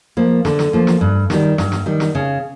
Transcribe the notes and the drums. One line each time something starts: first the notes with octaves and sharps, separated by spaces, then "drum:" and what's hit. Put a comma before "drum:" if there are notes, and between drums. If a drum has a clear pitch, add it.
F3 A#3
D3, drum: snare
drum: snare
F3 A#3
drum: snare
G2
D#3 G3, drum: snare
G2, drum: snare
drum: snare
D#3 G3
drum: snare
C#3